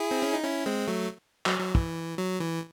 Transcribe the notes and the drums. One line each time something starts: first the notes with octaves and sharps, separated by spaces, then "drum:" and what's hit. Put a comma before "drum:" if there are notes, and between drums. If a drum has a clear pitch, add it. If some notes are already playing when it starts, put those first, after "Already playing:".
Already playing: E4 G#4
C4
C#4
D#4
C#4 E4
G#3 C4
F#3 A3
F#3, drum: clap
F#3
E3, drum: kick
F#3
E3